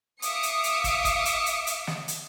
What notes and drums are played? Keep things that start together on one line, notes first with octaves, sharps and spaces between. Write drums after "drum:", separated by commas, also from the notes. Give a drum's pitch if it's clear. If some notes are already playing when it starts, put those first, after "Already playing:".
E5 F5 D6 D#6 C#7, drum: hi-hat
drum: hi-hat
drum: hi-hat
drum: kick, hi-hat
drum: kick, hi-hat
drum: hi-hat
drum: hi-hat
drum: hi-hat
drum: snare
drum: hi-hat